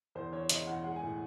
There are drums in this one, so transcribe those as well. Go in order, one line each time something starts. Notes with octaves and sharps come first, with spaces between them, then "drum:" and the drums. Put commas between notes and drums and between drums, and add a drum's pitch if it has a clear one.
E2 C5
E2 C#5
C#3 D#5, drum: hi-hat
E2 F#5
G#3 F#5
G#5
A2